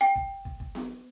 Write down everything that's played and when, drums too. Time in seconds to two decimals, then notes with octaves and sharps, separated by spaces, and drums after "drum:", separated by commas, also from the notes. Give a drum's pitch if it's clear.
0.01 G5
0.16 drum: kick
0.45 drum: kick
0.60 drum: kick
0.75 drum: snare B3